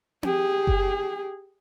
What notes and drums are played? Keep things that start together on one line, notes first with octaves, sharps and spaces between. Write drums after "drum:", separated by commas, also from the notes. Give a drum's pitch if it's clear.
G4 G#4, drum: tom C4
drum: kick F#1